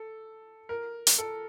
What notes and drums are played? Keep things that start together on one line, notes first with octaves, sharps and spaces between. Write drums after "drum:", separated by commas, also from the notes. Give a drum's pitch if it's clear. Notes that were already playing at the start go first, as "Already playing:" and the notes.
Already playing: A4
A#4
drum: hi-hat
A4